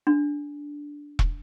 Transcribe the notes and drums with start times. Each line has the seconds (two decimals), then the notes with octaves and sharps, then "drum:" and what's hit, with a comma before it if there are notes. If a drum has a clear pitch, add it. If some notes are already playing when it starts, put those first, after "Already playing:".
0.07 D4
1.19 drum: kick E1